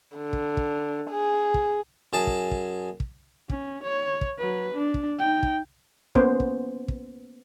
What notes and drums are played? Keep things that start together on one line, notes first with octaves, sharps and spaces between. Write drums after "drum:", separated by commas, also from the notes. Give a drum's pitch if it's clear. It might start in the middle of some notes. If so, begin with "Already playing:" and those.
D3
drum: kick
drum: kick
G#4
drum: kick
F#2 G#4 A5
drum: kick
drum: kick
drum: kick
C#4, drum: kick
C#5
drum: kick
F#3 B4
D4
drum: kick
D#4 G5
drum: kick
A#3 B3 C#4 C5, drum: kick
drum: kick
drum: kick